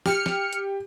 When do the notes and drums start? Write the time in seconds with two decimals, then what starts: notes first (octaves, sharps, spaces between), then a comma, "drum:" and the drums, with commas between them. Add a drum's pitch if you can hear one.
0.06 G4 F6 C#7, drum: snare
0.26 drum: snare
0.53 drum: hi-hat